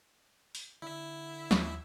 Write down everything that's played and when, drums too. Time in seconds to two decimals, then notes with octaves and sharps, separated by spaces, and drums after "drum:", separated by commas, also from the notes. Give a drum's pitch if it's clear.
0.55 drum: open hi-hat
0.82 D3 E4 E5
1.51 D#2, drum: snare